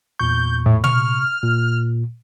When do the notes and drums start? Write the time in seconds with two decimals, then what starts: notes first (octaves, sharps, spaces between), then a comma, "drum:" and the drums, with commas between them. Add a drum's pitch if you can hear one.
0.19 E2 A#2 C#6 G6
0.66 A2
0.84 C3 C#6 F6, drum: tom
1.43 A#2